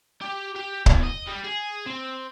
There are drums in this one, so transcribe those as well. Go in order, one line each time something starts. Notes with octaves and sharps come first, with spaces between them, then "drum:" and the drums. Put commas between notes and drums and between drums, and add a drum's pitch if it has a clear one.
G4
G4
E2, drum: kick C#1
D#5
G3
G#4
C4